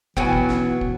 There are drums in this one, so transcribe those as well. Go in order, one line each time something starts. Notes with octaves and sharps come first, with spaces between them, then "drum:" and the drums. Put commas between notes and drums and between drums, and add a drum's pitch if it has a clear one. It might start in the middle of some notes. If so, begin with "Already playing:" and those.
B2 E3 F#3 B3 G5 G#5, drum: kick
drum: kick
drum: snare
drum: kick